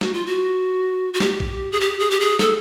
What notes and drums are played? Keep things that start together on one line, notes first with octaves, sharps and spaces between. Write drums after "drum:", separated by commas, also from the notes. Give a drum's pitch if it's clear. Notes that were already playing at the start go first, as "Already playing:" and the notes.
F#4, drum: snare
F4
F#4
F#4
G4, drum: snare
drum: kick A#1
G#4
G4
G#4
G4
G#4
A4, drum: snare